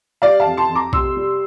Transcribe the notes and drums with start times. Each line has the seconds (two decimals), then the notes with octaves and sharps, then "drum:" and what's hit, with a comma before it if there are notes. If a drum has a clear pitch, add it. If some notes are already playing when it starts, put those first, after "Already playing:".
0.22 G3 D5 F5
0.40 F5 A5
0.45 F2
0.57 A5 C6
0.69 F2
0.75 A#5 D6
0.93 C3 C6 E6, drum: kick A#1
1.16 G3